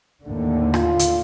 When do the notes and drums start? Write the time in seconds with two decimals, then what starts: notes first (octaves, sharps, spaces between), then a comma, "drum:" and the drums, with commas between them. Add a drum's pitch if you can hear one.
0.24 D#2 A2 D3
0.74 F4, drum: rim click
0.99 drum: hi-hat